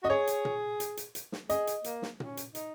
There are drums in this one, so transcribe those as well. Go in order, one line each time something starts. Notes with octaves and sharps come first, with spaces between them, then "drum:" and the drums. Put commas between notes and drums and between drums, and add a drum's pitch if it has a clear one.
F#4 D#5
G#4 C#5
drum: hi-hat
drum: tom A#2
drum: hi-hat
drum: hi-hat
drum: hi-hat
drum: snare
G#4 D#5, drum: hi-hat
drum: hi-hat
A#3, drum: hi-hat
drum: snare
C#4, drum: tom A#2
drum: hi-hat
D#4, drum: hi-hat